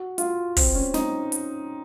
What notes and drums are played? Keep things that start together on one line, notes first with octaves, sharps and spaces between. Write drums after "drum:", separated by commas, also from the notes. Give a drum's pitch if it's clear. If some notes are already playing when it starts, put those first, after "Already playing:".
Already playing: F#4
F4, drum: hi-hat
C4, drum: kick, open hi-hat
C#4
D#4, drum: snare
drum: hi-hat